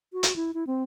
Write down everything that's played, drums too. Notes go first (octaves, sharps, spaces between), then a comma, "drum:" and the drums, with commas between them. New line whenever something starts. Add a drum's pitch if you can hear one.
F#4
drum: hi-hat
E4
E4
C4